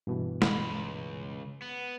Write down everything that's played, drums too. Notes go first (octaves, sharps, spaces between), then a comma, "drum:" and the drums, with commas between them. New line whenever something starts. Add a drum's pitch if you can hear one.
G2 B2 E3
C#2 B5, drum: snare G#3
B3